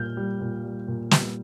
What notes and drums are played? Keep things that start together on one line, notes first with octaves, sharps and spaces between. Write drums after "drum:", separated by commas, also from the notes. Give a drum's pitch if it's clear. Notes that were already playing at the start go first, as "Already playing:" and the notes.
Already playing: A#2 G3 F6 G6
G3
A#2
G3
A#2
G3, drum: snare